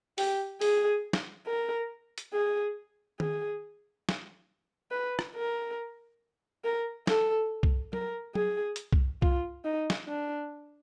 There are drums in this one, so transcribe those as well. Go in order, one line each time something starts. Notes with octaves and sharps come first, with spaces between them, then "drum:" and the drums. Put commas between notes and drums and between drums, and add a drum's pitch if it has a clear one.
G4, drum: open hi-hat
G#4, drum: open hi-hat
drum: snare
A#4
drum: hi-hat
G#4
G#4, drum: tom D#3
drum: snare
B4
drum: rim click
A#4
A#4
A4, drum: snare
drum: kick C2
A#4, drum: tom F#3
G#4, drum: tom F#3
drum: hi-hat
drum: kick C2
F4, drum: kick C2
D#4
drum: snare
D4